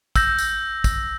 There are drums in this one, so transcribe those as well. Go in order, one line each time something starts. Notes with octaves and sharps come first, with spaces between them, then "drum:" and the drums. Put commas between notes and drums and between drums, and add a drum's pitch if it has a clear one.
E6 G6 A#6, drum: kick, tambourine
drum: tambourine
drum: kick, tambourine